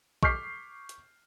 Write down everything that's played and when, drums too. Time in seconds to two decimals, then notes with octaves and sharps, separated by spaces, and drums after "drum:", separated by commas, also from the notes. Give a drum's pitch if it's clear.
0.23 C#6 D6 F6 G6 B6 C7, drum: kick
0.89 drum: hi-hat